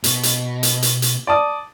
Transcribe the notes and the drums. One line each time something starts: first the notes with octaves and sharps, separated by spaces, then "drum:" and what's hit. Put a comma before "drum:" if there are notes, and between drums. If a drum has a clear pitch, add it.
B2, drum: hi-hat
drum: hi-hat
drum: hi-hat
drum: hi-hat
drum: hi-hat
D5 A5 D#6